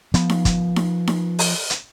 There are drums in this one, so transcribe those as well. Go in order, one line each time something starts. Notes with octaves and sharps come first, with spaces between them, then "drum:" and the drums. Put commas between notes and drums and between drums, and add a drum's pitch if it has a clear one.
F3 B3, drum: hi-hat
drum: snare D#4
drum: kick, hi-hat
drum: snare D#4
drum: snare D#4
drum: open hi-hat
drum: hi-hat